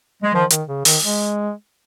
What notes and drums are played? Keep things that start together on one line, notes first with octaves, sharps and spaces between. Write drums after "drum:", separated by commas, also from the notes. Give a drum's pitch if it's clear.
G#3
D#3 F3
D#3, drum: hi-hat
C#3
D#3, drum: open hi-hat
G#3